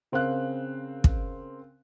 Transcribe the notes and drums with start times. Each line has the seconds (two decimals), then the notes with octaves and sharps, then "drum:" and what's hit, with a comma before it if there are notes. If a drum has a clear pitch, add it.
0.12 C#3 C4 A#4 F5 F#6
1.04 drum: kick